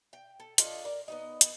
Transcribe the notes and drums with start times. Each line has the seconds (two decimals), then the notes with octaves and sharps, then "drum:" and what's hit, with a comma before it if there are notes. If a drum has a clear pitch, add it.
0.13 G5
0.40 A4
0.58 D4 F4 A4 D#5, drum: hi-hat
0.85 A#4 D5
1.08 B3 D#4 D#5
1.41 drum: hi-hat